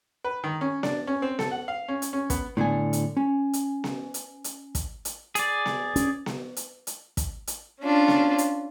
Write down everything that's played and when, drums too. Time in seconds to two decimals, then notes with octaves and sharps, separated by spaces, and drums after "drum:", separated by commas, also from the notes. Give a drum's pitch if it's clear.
0.24 B4
0.44 D#3
0.61 C#4
0.83 D4, drum: snare B3
1.07 C#4
1.22 C4
1.39 A4, drum: snare B3
1.51 F#5
1.68 F5
1.88 C#4
2.02 drum: hi-hat
2.13 C#4
2.30 B3, drum: kick, hi-hat
2.57 A2 D3 B3 G#5
2.93 drum: hi-hat
3.17 C#4
3.53 drum: hi-hat
3.84 drum: snare B3
4.14 drum: hi-hat
4.44 drum: hi-hat
4.75 drum: kick, hi-hat
5.05 drum: hi-hat
5.35 G#4 D5, drum: hi-hat
5.66 drum: snare B3
5.96 C#4, drum: hi-hat
6.26 drum: snare B3
6.57 drum: hi-hat
6.87 drum: hi-hat
7.17 drum: kick, hi-hat
7.47 drum: hi-hat
7.82 C#4 D4 F4
8.08 drum: snare B3
8.38 drum: hi-hat